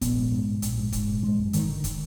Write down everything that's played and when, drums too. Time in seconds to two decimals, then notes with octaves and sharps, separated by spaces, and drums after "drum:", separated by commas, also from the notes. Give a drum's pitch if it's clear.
0.01 A#1 B3, drum: kick, hi-hat
0.17 G#2
0.31 G#2
0.48 A#1
0.62 A#1, drum: hi-hat
0.78 G#2
0.92 G#2, drum: kick, hi-hat
1.08 A#1
1.23 G#1 G#3
1.38 F#2
1.53 G#1 D#3, drum: hi-hat
1.69 D3
1.84 drum: kick, hi-hat